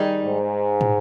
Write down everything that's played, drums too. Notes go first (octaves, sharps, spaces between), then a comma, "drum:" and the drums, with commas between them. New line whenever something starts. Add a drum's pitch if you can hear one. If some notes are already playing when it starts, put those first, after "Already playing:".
Already playing: D#3 G3 D#4 G#4
G#2
drum: tom